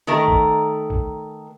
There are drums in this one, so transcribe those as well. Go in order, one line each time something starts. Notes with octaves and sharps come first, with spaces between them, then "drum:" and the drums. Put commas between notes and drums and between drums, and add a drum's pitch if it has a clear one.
D#3 A3 A#4
drum: kick
drum: kick